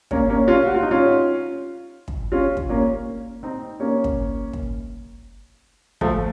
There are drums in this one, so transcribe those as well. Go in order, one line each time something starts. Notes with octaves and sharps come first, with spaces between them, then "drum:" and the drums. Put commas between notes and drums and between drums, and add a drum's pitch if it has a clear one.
A#3 C#4, drum: kick
A#3 C#4
C#4 F4
F#4
F4
D#4
C#4 F4
drum: kick
C#4 F4
drum: kick
A#3 C#4
C4 D#4
A#3 C#4
drum: kick
drum: kick
F3 A3, drum: kick